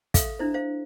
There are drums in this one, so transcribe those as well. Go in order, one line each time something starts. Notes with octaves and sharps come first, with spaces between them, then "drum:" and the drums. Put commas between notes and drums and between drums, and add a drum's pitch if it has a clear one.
A4 E5 F5, drum: kick, hi-hat
D4 E4 C5
C5 F5